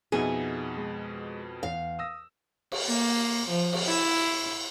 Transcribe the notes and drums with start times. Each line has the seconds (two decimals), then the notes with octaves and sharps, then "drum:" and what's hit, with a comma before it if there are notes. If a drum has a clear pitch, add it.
0.12 F2 B2 B3 D#4 G#4 E5 F#5
0.77 G#3
1.63 E2 F5
1.99 D#6 E6 A#6
2.72 drum: cymbal
2.85 A#3
3.49 F3
3.73 drum: cymbal
3.85 E4